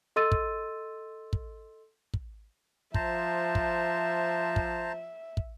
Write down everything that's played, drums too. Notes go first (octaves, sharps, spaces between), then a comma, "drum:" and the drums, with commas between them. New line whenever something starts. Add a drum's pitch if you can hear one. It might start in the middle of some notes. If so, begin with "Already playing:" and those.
A4 D#5 C6 E6 A6 D#7
drum: kick
drum: kick
drum: kick
F3 C5 E5 A5 A#5, drum: kick
drum: kick
drum: kick
drum: kick